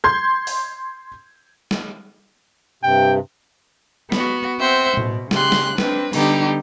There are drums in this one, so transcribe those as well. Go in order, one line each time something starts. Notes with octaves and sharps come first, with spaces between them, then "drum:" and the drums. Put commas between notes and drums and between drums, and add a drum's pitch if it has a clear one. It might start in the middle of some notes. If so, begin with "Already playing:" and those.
C6 G6 G#6
drum: open hi-hat
drum: snare
G2 C3 G5
B3 F#4, drum: snare
C4 C5 E5 F#5
B2, drum: tom A2
C#3 G4 C6 F#6, drum: snare
drum: snare
C4 D4 B4, drum: snare
D3 G3 B3 D#4 G4, drum: open hi-hat